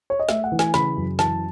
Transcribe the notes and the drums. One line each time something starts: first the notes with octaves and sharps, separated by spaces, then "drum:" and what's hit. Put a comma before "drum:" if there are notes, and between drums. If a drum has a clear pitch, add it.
C#5
D#5
A3 E5, drum: snare
F#5
E3
G#5, drum: snare
C#3 B5, drum: snare
F#2
E3 A5, drum: snare